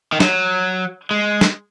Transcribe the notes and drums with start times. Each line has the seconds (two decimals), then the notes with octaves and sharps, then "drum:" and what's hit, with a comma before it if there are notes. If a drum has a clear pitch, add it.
0.12 D#3
0.20 F#3, drum: snare
1.11 G#3
1.41 drum: snare